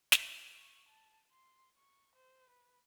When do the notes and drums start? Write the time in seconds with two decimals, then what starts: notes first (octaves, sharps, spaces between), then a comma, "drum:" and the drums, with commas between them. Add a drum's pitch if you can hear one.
0.12 C#5, drum: snare
0.54 C#6
0.89 A5
1.32 C6
1.76 C#6
2.15 C5
2.49 B4